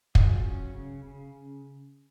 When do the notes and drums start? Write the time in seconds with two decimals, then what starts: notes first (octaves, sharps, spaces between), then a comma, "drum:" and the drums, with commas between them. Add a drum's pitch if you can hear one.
0.15 F#3 F4 G#4, drum: kick
0.44 C#4
0.74 C#3
1.04 C#3